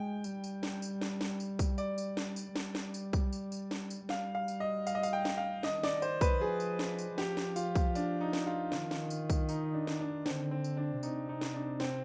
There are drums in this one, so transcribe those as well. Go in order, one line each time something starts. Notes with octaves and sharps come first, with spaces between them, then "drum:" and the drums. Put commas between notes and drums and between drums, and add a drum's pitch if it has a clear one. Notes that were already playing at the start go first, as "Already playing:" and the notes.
Already playing: G#3 G5
G3, drum: tambourine
drum: tambourine
drum: snare
drum: tambourine
drum: snare
drum: snare
drum: tambourine
drum: kick, tambourine
D5, drum: tambourine
drum: tambourine
drum: snare
drum: tambourine
G3, drum: snare
drum: snare
drum: tambourine
drum: kick, tambourine
drum: tambourine
drum: tambourine
drum: snare
drum: tambourine
G3 F5, drum: snare
F5
drum: tambourine
D#5
F5, drum: tambourine
D#5
F5, drum: tambourine
G5
drum: snare
F5
D#3 D#5, drum: snare
D5, drum: snare
C5, drum: tambourine
B4, drum: kick, tambourine
F3 G#4
drum: tambourine
drum: snare
drum: tambourine
F3 G4, drum: snare
drum: snare
F4, drum: tambourine
drum: kick, tambourine
D4, drum: tambourine
D#4
drum: snare
F4
D#3, drum: snare
drum: snare
drum: tambourine
drum: kick, tambourine
D#4, drum: tambourine
D4
drum: snare
D4
D3 C4, drum: snare
C4
drum: tambourine
D4
C3 D#4, drum: tambourine
D#4
drum: snare
D4
C4, drum: snare